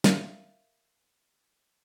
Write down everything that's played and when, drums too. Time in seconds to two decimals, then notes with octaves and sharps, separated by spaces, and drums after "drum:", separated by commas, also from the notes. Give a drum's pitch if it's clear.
0.04 A#4 E5 F5, drum: snare